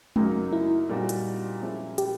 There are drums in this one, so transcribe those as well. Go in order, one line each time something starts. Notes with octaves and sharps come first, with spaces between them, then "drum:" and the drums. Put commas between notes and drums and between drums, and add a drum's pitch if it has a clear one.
F#2 C#3 F#3 A#3 D#4, drum: tom G#3
E4
A#2 G3 C4 D#4 F#4
drum: hi-hat
A#2 F3 G#3 C#4 E4
G4, drum: hi-hat